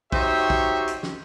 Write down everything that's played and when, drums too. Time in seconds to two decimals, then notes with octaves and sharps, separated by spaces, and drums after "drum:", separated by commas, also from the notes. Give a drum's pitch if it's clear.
0.12 D#4 F#4 G4 C5 C#5 E5, drum: kick
0.50 drum: kick
0.87 drum: hi-hat
1.03 drum: snare